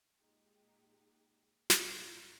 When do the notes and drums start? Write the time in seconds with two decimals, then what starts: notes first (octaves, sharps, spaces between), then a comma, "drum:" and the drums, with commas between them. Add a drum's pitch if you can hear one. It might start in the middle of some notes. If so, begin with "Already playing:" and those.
0.19 A#2 G#3 D#4 G4
1.70 G2 G3 A#3 D#4, drum: snare